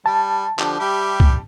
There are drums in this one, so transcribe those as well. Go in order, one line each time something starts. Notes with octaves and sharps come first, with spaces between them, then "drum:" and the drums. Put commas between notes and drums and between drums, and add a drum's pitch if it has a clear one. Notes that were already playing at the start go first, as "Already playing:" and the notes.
G3 A5
D3 F3 G4, drum: clap
G3 G4 E5
drum: kick